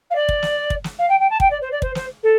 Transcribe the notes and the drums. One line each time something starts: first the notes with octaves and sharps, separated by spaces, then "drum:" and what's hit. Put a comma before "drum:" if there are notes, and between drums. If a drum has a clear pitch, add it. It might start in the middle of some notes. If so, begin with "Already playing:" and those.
F5
D5
drum: kick
drum: snare
drum: kick
drum: snare
F5
G5
G5
A5
G5, drum: kick
D5
C5
D5
C5, drum: kick
C5, drum: snare
A4